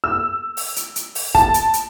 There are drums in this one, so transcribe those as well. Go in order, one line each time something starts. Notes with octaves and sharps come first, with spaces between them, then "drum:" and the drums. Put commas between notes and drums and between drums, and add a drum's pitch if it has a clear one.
E6
drum: open hi-hat
drum: hi-hat
drum: hi-hat
drum: open hi-hat
A5, drum: kick
drum: hi-hat
drum: hi-hat